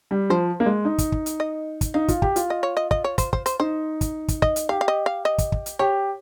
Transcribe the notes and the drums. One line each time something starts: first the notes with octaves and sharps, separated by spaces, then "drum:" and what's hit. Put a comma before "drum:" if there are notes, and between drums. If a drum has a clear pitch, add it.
G3
F3 C5
A#3
G#3
D#4
drum: kick, hi-hat
drum: kick
drum: hi-hat
D#5
drum: kick, hi-hat
D#4 F5
F4, drum: kick, hi-hat
G4, drum: kick
F4, drum: hi-hat
D#5
C#5
D#5
D#5, drum: kick
C#5
C5, drum: kick, hi-hat
C5, drum: kick
C5, drum: hi-hat
D#4 C5
drum: kick, hi-hat
drum: kick, hi-hat
D#5, drum: kick
drum: hi-hat
G4 F5
F5
D#5
F5
D#5
drum: kick, hi-hat
drum: kick
drum: hi-hat
G4 C#5